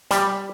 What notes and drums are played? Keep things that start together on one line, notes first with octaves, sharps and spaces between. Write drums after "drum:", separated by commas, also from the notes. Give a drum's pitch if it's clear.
G3, drum: hi-hat